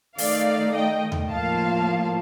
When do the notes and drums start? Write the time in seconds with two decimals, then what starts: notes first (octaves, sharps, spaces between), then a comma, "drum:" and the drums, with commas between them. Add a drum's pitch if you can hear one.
0.18 D#3 A3 D#4 D5 F5, drum: open hi-hat
0.75 D#5 G5
1.12 drum: tom D#2
1.31 A2 F3 A#3 F4 F5 A5